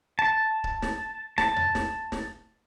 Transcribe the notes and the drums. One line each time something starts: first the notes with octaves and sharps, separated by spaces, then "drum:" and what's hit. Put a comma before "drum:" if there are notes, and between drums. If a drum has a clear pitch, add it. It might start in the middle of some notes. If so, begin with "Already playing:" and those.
A5
drum: kick C#1
drum: snare
A5, drum: snare
drum: tom E2
drum: snare
drum: snare